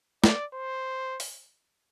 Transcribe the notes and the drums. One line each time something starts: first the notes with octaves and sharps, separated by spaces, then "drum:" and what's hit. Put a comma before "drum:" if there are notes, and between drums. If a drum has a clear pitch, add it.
D5, drum: snare
C5
drum: open hi-hat